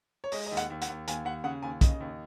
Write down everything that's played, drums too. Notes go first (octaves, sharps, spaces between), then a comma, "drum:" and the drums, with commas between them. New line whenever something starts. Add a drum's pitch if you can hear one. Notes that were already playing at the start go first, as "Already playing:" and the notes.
C#5
G#3 D#5, drum: open hi-hat
D#5
D#2
F#5, drum: hi-hat
D#2
F#5, drum: hi-hat
D#2
D#2 G#5, drum: hi-hat
D#2 F#5
C#3 F#5
D#2 G#5
C#3 D#5, drum: kick, hi-hat
D#2